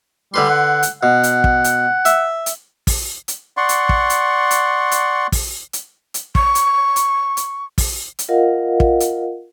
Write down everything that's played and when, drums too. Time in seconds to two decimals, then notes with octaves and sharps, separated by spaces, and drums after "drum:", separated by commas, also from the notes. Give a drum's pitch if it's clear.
0.34 D3 G3 B4 C6
0.50 F#5
0.83 drum: hi-hat
1.03 B2 F#5
1.23 drum: hi-hat
1.44 drum: kick
1.64 drum: hi-hat
2.05 E5, drum: hi-hat
2.46 drum: hi-hat
2.87 drum: kick, open hi-hat
3.28 drum: hi-hat
3.57 D5 F#5 C6 C#6
3.69 drum: hi-hat
3.89 drum: kick
4.10 drum: hi-hat
4.51 drum: hi-hat
4.91 drum: hi-hat
5.32 drum: kick, open hi-hat
5.73 drum: hi-hat
6.14 drum: hi-hat
6.35 C#6, drum: kick
6.55 drum: hi-hat
6.96 drum: hi-hat
7.37 drum: hi-hat
7.78 drum: kick, open hi-hat
8.19 drum: hi-hat
8.29 F4 A#4 D#5 F5 F#5
8.80 drum: kick
9.00 drum: hi-hat